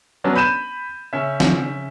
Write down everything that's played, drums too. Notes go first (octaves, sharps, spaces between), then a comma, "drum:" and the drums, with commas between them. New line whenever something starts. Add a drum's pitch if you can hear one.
F#3 B3 C#4 D4
B5 G6 D#7 E7
C#3 C#4 E5
drum: snare